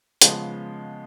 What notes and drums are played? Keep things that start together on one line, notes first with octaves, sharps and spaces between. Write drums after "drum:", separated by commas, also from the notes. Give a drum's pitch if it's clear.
C#3 F3 G#3 B3, drum: hi-hat